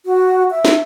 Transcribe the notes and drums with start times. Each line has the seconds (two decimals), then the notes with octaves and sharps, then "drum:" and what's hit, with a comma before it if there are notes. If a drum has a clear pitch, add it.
0.06 F#4
0.51 E5
0.65 drum: snare